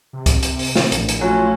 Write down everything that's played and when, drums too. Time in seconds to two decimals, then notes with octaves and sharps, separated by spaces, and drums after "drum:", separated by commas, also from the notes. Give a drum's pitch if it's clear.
0.13 C3
0.26 drum: kick C#2, hi-hat
0.43 drum: hi-hat
0.59 drum: open hi-hat
0.76 drum: snare
0.92 A#1 A2, drum: hi-hat
1.09 drum: hi-hat
1.21 F#3 A3 C#4 F4